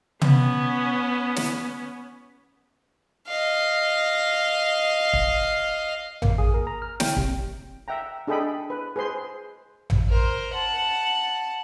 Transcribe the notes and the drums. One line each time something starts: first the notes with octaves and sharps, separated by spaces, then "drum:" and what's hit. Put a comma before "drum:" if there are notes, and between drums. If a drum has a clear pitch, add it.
B3 C#4, drum: tom
drum: snare
D#5 F5
drum: kick
A#3, drum: tom A1
G#4
A#4
A#5
F6
G5, drum: snare
C3, drum: kick
E5 F#5 G5 A#5
D4 G#4 A4 D#5 G5 B5
B4
G#4 B4 C5 C6
drum: tom A1
A#4 C5
F#5 A5